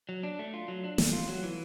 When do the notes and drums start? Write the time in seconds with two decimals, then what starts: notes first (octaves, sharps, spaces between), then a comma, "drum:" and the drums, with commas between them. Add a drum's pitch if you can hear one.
0.09 F#3
0.23 D4
0.39 A3
0.54 F4
0.68 F#3
0.84 D4
0.98 A3, drum: snare
1.13 F4
1.28 F#3
1.43 E3